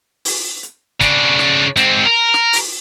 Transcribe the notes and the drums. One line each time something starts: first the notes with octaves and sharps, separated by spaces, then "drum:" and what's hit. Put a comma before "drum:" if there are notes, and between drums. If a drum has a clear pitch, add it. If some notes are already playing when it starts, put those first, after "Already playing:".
drum: open hi-hat
drum: hi-hat
C#3 D4, drum: kick, hi-hat
drum: snare
G#2 C4, drum: hi-hat
A#4
drum: snare
drum: open hi-hat